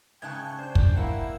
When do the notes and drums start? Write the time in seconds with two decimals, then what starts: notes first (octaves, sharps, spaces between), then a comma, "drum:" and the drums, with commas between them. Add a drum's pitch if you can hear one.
0.22 G#2 C#3 G5 A5 C#6 F#6 G#6
0.59 D4 C5 G6
0.75 drum: kick
0.97 A#3 E4 F#5 E7